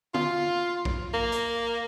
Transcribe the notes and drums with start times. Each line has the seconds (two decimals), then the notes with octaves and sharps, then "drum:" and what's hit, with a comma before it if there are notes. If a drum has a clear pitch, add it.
0.14 F4, drum: tom
0.85 drum: kick A#1
1.14 A#3
1.32 drum: hi-hat